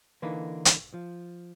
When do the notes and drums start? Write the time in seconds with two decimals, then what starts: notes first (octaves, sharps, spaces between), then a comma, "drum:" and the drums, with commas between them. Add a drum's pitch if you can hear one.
0.22 D3 E3 A#3 D#4 B4
0.65 drum: hi-hat
0.94 F3